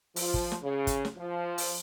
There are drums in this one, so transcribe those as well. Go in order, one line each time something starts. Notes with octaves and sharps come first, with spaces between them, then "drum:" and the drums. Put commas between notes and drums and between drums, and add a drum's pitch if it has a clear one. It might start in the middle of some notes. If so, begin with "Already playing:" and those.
F3, drum: open hi-hat
drum: kick
drum: snare
C#3
drum: kick, hi-hat
drum: snare
F3
drum: open hi-hat